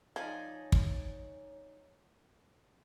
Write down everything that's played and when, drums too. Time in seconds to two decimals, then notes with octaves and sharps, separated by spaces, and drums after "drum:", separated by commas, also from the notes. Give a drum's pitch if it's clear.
0.16 F3 D#4 C#5 D5 G#5
0.72 drum: kick